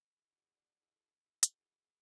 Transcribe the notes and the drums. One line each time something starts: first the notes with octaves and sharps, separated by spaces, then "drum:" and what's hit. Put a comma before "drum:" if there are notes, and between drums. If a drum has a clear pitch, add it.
E4 G#4
D4 F#4
E4 G#4
D4 F#4
D4 F#4
E4 G#4
F#4 A4
E4 G#4
F#4 A4, drum: hi-hat
E4 G#4
E4 G#4